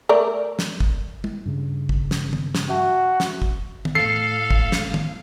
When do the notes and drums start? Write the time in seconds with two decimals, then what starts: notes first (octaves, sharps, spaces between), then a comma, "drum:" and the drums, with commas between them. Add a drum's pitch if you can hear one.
0.09 A3 A#4 D5
0.59 drum: snare
0.80 drum: kick
1.24 drum: tom
1.46 G2 C#3
1.89 drum: kick
2.11 drum: snare
2.33 drum: tom
2.55 drum: snare
2.69 F#4 E5 A5
3.20 drum: snare
3.42 drum: kick
3.85 drum: tom
3.95 A2 A4 F5 C7
4.51 drum: kick
4.72 drum: snare
4.94 drum: tom